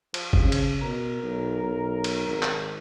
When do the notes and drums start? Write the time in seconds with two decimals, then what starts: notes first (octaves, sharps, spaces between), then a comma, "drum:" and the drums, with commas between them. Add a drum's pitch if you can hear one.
0.14 F3, drum: cymbal
0.33 drum: kick G1
0.43 C#3
0.52 drum: cymbal
0.82 B2 A#4
1.23 B1
1.62 B1
2.04 drum: cymbal
2.27 G#1
2.42 drum: clap